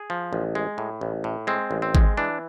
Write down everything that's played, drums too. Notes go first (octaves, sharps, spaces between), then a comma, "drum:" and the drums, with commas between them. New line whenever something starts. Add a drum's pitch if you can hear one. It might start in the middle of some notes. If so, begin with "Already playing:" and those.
Already playing: G#4
F3
A1
G#3
A2
A1
A2
G#3 C4
A1
C4
G#3, drum: kick G#1
E3 D4